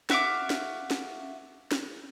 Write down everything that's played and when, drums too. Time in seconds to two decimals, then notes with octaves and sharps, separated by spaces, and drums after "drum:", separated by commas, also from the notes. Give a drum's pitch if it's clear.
0.10 F#4 E5 F5 D6, drum: snare
0.50 drum: snare
0.91 drum: snare
1.71 drum: snare